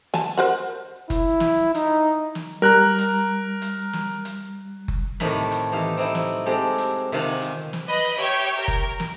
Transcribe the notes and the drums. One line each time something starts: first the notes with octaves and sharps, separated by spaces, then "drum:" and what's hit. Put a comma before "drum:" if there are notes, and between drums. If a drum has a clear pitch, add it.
G#5 A5, drum: snare
A#4 C5 F#5
E4, drum: kick F#1, hi-hat
drum: snare
D#4, drum: hi-hat
drum: snare
G3 A#4 A#5 F#6
drum: hi-hat
drum: hi-hat
drum: snare
drum: hi-hat
drum: kick F#1
A2 C3 D#3 A#5 B5, drum: snare
drum: hi-hat
E3 D#4 G4 F5
C4 D#4 E4
drum: snare
G#3 C4 G4 A4
drum: hi-hat
C3 D#3 F4 F5 F#5
G#5
drum: hi-hat
drum: snare
B4 D#5 B5
drum: hi-hat
G4 C#5 E5 G5
A#4
drum: kick F#1, hi-hat
drum: snare